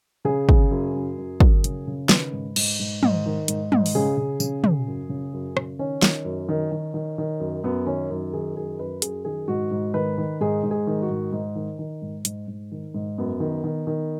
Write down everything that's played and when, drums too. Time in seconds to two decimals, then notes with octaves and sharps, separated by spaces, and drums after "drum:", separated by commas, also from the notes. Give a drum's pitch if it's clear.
0.25 C#3 G#4
0.49 C#3, drum: kick
0.71 F#2
0.94 F#2
1.18 F#2
1.40 F#2, drum: kick
1.64 C#3, drum: hi-hat
1.87 C#3
2.09 D#3 B4, drum: snare
2.32 G#2
2.56 G#2, drum: cymbal
2.80 G#2
3.03 G#2, drum: tom
3.26 D#3
3.48 G#2, drum: hi-hat
3.72 G#2, drum: tom
3.86 drum: open hi-hat
3.95 C#3 G#4
4.17 C#3
4.40 C#3, drum: tambourine
4.64 C#3, drum: tom
4.87 F#2
5.09 C#3
5.33 F#2
5.57 C#3, drum: rim click
5.79 D#3 C#4
6.02 D#3, drum: snare
6.25 F#2
6.49 D#3
6.72 D#3
6.94 D#3
7.18 D#3
7.40 F#2
7.64 F#2 B3
7.86 D#3 C#4
8.10 F#2 D#4
8.33 D#3 G#4
8.55 F#2 G#4
8.79 F#2 B4
9.02 F#2 G#4, drum: hi-hat
9.25 D#3 G#4
9.48 G#2 F#4
9.71 G#2
9.94 D#3 B4
10.18 D#3
10.41 G#2 G#4
10.63 G#2
10.71 G#4
10.87 D#3
11.02 F#4
11.09 G#2
11.32 G#2
11.56 D#3
11.79 D#3
12.02 G#2
12.25 G#2, drum: hi-hat
12.48 G#2
12.72 D#3
12.94 G#2
13.18 F#2 B3
13.40 D#3
13.64 D#3
13.87 D#3